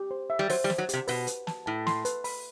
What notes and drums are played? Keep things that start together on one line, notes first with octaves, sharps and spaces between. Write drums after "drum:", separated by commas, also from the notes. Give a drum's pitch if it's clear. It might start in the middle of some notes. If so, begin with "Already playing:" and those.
Already playing: G4
C5
E5
G3
F#3 C5, drum: open hi-hat
G3
C5, drum: snare
F#3
C3 G4, drum: hi-hat
B2 B4, drum: open hi-hat
B4, drum: hi-hat
A5, drum: snare
A2 A5
C6, drum: snare
B4, drum: hi-hat
B5, drum: open hi-hat